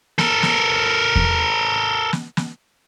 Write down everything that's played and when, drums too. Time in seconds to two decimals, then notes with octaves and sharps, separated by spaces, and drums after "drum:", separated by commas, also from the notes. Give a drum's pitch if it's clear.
0.18 A4 A#4, drum: snare
0.43 drum: snare
1.16 drum: kick E2
2.13 drum: snare
2.37 drum: snare